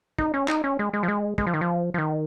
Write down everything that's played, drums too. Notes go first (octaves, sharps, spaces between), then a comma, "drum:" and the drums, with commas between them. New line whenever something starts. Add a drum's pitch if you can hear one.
D#4, drum: kick
C#4
D#4, drum: clap
C#4
G#3
G#3
F3
G#3
G#3, drum: kick
F3
D#3
F3
F3
D#3